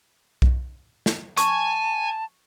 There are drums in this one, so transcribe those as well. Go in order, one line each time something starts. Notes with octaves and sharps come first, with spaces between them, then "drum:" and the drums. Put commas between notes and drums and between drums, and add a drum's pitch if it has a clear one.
drum: kick B1
drum: snare
G#5 A5 C#6, drum: hi-hat